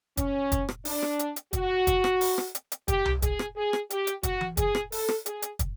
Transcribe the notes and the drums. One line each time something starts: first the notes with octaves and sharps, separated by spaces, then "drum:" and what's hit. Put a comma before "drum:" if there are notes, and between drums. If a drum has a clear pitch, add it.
C#4, drum: kick, hi-hat
drum: kick, hi-hat
drum: rim click
D4, drum: open hi-hat
drum: rim click
drum: hi-hat
drum: hi-hat
F#4, drum: kick, hi-hat
drum: kick, hi-hat
drum: rim click
drum: open hi-hat
drum: rim click
drum: hi-hat
drum: hi-hat
G4, drum: kick, hi-hat
drum: tom C2
G#4, drum: kick, hi-hat
drum: rim click
G#4
drum: rim click
G4, drum: hi-hat
drum: hi-hat
F#4, drum: kick, hi-hat
drum: tom E3
G#4, drum: kick, hi-hat
drum: rim click
A4, drum: open hi-hat
drum: rim click
G#4, drum: hi-hat
drum: hi-hat
drum: kick, hi-hat